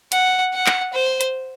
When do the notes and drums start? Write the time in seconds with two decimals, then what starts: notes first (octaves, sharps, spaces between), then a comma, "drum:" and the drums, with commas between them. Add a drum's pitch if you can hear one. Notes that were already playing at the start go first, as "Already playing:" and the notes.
0.12 F#5, drum: hi-hat
0.53 F#5
0.66 drum: clap
0.94 C5
1.21 drum: hi-hat